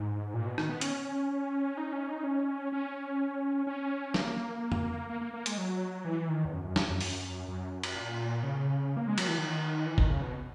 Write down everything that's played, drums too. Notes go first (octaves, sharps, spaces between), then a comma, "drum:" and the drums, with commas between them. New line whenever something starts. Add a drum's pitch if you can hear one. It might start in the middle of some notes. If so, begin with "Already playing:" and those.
Already playing: G#2
A#2
B2
D#3, drum: rim click
B3
C#4, drum: hi-hat
D#4
C#4
D#4
C#4
C#4
C#4
A#3, drum: snare
drum: tom F2
A#3
A#3
A#3
G#3, drum: hi-hat
F#3
E3
D#3
E2
F#2
F#2
E2, drum: snare
F#2
drum: open hi-hat
F#2
drum: cymbal
A#2
C#3
A#3
G#3
F#3, drum: cymbal
E3
D#3
E3
D#3, drum: kick
C#3
B2